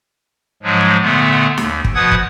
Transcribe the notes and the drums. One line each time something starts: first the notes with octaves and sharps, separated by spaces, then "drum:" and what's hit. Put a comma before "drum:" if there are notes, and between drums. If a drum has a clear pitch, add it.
G#2 F3 F#3 G#3
A#2 D3 A3 B3
D#2, drum: snare
drum: kick
B2 F3 B4 F#5 D#6 G#6
drum: kick